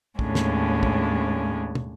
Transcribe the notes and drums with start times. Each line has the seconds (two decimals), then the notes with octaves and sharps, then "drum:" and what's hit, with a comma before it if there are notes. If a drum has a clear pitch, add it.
0.19 D#2 A2 G#3 C#4 D4, drum: kick
0.35 drum: snare
0.83 drum: kick
1.75 drum: tom